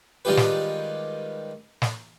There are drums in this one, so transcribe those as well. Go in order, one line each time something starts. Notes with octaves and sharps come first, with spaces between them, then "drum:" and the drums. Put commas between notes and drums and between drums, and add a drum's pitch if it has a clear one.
D#3 G3 G#3 F4 G4 B4
drum: snare
drum: snare